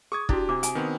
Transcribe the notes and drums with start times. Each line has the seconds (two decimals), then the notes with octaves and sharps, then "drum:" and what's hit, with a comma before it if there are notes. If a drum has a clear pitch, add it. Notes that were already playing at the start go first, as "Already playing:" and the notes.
0.12 G#4 C#6 D#6 G#6
0.29 D4 E4 F#4 G4, drum: kick
0.49 C3 D4 D6
0.63 G#5, drum: hi-hat
0.75 D#3 B3 C4